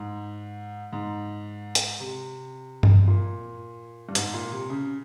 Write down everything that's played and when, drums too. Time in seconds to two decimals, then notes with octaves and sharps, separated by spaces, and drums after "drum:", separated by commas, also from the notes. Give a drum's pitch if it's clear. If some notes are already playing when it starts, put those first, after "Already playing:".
Already playing: G#2
0.93 G#2
1.75 drum: hi-hat
2.00 C3
2.83 drum: tom G2
3.07 A#2
4.09 G2
4.15 G#2, drum: hi-hat
4.34 A#2
4.52 C3
4.70 C#3